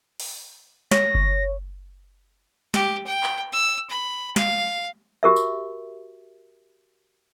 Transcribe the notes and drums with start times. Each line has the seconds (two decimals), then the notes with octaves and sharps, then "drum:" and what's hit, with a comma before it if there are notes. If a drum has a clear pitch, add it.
0.20 drum: open hi-hat
0.91 C#5 A#6, drum: snare
1.15 drum: kick G1
2.74 G4, drum: snare
3.06 G5
3.23 drum: clap
3.52 E6
3.90 B5
4.36 F5, drum: snare
5.23 F#4 G4 A#4 E5
5.36 drum: tambourine